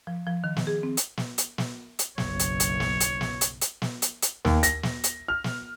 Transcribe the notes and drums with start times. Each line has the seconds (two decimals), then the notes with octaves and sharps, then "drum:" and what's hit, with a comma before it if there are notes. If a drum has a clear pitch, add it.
0.07 F3
0.27 F3
0.44 D#3
0.56 drum: snare
0.67 G#4
0.83 C4
0.97 drum: hi-hat
1.17 drum: snare
1.38 drum: hi-hat
1.58 drum: snare
1.99 drum: hi-hat
2.18 F#1 B1 C#5, drum: snare
2.39 drum: hi-hat
2.60 drum: hi-hat
2.80 drum: snare
3.00 drum: hi-hat
3.21 drum: snare
3.41 drum: hi-hat
3.61 drum: hi-hat
3.82 drum: snare
4.02 drum: hi-hat
4.22 drum: hi-hat
4.45 D#2, drum: snare
4.63 A#6, drum: hi-hat
4.83 drum: snare
5.04 drum: hi-hat
5.28 F6
5.44 drum: snare